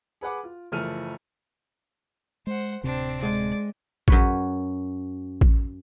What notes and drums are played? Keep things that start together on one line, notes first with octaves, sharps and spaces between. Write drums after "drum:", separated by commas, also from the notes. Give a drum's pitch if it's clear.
G#4 B4 F#5 D6
F4
F#1 E3 F3 A3 F6 D#7
G#3 C5 F#5
D1 C3 C4 D4
G#3 D5
F#2 B4 C#5, drum: kick A1
drum: kick A1